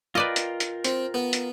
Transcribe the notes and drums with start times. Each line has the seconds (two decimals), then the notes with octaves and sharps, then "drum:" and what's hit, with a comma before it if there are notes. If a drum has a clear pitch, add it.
0.15 F4 A#4 B4 D5 D#5 G5
0.36 drum: hi-hat
0.60 drum: hi-hat
0.84 C4, drum: hi-hat
1.14 B3
1.33 drum: hi-hat